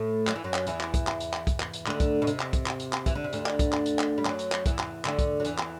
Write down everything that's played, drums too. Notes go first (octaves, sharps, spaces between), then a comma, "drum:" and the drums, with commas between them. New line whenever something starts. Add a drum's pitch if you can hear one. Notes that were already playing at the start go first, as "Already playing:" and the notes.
Already playing: A2 A3
F#3, drum: clap
E3
F#2 F#3
drum: clap
E2 E3, drum: hi-hat
drum: clap
drum: kick, hi-hat
drum: clap
drum: hi-hat
drum: clap
drum: kick, hi-hat
drum: clap
drum: hi-hat
D2 D3, drum: clap
drum: kick, hi-hat
B2
C3, drum: hi-hat
drum: clap
drum: kick, hi-hat
drum: clap
drum: hi-hat
drum: clap
E3, drum: kick, hi-hat
D3
C3
D2 D3, drum: hi-hat
drum: clap
drum: kick, hi-hat
drum: clap
drum: hi-hat
drum: clap
G3
F#2 F#3, drum: clap
drum: hi-hat
drum: clap
E2 E3, drum: kick, hi-hat
drum: clap
D2 D3, drum: clap
drum: kick, hi-hat
F#3
E2 E3, drum: hi-hat
drum: clap